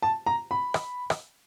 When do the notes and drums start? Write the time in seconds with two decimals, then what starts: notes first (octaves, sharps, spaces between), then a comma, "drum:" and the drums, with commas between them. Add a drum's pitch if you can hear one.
0.02 A5
0.26 A#5
0.51 B5
0.74 drum: rim click
1.10 drum: rim click